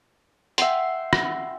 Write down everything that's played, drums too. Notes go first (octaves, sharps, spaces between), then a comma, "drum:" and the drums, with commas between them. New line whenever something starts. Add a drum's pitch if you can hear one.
E5 F#5 G5 C6, drum: hi-hat
drum: rim click